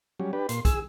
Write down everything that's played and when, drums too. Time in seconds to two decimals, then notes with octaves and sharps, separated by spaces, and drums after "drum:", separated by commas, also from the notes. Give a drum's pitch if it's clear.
0.20 F#3 G3 C#4
0.33 D4 G4 B4
0.49 A#2 C6, drum: hi-hat
0.65 G#4 E6, drum: kick, hi-hat